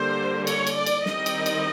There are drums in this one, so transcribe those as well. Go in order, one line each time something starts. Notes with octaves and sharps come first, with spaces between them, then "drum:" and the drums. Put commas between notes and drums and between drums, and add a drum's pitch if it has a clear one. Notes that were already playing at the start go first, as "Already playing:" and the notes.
Already playing: D3 G3 A#3 C5
C#5, drum: cymbal
drum: cymbal
D5
drum: cymbal
D#3 G3 C4 D#4 D#5, drum: snare
drum: cymbal
drum: cymbal